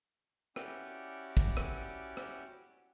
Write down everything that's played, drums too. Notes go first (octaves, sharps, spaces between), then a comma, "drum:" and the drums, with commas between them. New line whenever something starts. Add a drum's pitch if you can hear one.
C#4 E4 F#4 G4 D5, drum: rim click
drum: kick
drum: rim click
drum: rim click